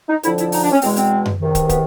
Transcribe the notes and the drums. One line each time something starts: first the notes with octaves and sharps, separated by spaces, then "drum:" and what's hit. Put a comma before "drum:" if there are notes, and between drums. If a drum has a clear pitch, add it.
D#4
F2 D3 F3 E4, drum: hi-hat
E4, drum: hi-hat
D#4, drum: open hi-hat
D4
C#4
E2 B2 G#3 C4, drum: open hi-hat
C4, drum: hi-hat
drum: tom F#2
E2 C3 D#3
drum: kick, hi-hat
B3, drum: kick, hi-hat